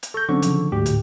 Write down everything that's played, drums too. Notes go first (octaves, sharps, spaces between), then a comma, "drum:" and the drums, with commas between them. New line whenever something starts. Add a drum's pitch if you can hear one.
drum: hi-hat
A4 C#6 G6 A#6
D3 F#3 C4 C#4 C#6
C#3 F3, drum: hi-hat
D2 G#2 G4
A2 D3, drum: hi-hat